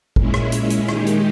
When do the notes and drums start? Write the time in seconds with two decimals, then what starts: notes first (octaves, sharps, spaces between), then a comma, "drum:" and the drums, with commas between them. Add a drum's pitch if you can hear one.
0.16 A#2 G#3 C#4 E4, drum: kick
0.34 drum: rim click
0.52 drum: hi-hat
0.70 drum: hi-hat
0.89 D#3 G#3 D#4 G4, drum: rim click
1.06 drum: hi-hat